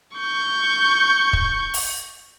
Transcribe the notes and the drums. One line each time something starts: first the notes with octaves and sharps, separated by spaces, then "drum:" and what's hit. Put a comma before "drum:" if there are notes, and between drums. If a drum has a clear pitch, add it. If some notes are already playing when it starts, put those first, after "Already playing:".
C#6 G6
drum: kick
drum: open hi-hat